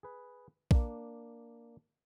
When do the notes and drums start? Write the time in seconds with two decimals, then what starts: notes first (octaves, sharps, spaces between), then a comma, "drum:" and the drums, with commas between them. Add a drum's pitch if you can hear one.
0.03 G#4 B4
0.71 A#3 D4, drum: kick A#1